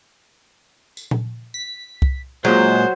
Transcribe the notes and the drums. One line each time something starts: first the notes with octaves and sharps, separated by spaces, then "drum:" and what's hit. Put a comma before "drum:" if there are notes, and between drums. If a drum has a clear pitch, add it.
drum: tambourine
drum: tom A#2
B6
drum: kick C2
A#2 F#3 G#3 C5